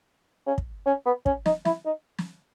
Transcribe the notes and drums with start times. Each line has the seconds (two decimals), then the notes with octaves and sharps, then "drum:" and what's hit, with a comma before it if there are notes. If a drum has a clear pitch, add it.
0.47 C#4
0.58 drum: kick
0.86 C#4
1.06 B3
1.26 C#4, drum: kick
1.46 D#4, drum: snare
1.65 E4, drum: snare
1.85 D#4
2.18 drum: snare